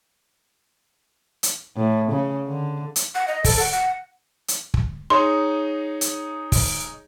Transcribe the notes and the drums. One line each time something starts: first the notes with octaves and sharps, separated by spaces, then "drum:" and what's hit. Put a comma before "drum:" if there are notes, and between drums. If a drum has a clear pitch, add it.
drum: hi-hat
A2
C#3
D3
drum: hi-hat
F#5
D#5
A4, drum: kick, open hi-hat
F#5
F#5
drum: hi-hat
drum: kick
D#4 G#4 C#5 C6
drum: hi-hat
drum: kick, open hi-hat